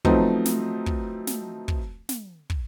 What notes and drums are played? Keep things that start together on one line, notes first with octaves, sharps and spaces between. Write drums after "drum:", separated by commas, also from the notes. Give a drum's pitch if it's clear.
F3 F#3 A3 B3 C4 D#4, drum: kick
drum: snare
drum: kick
drum: snare
drum: kick
drum: snare
drum: kick